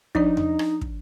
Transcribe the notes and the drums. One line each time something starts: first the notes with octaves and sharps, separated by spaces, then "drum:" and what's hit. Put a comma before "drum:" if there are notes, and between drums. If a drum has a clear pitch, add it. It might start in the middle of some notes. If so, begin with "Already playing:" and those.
F3 D4 D#4 D5, drum: kick
drum: tom E2
drum: rim click
drum: kick